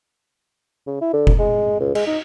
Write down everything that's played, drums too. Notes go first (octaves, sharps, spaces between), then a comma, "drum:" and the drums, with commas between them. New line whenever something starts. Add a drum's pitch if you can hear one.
C#3
E4
D3
drum: kick F1
G#3
C#2
G#3, drum: cymbal
D#4